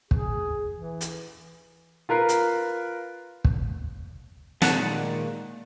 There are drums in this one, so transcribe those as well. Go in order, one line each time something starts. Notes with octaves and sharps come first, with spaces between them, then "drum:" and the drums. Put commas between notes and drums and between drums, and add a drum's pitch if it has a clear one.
G#4, drum: kick
E3
drum: hi-hat
F4 A#4 B4 C7
drum: hi-hat
drum: kick
A#2 D#3 G#3 A#3 F#5 A5, drum: snare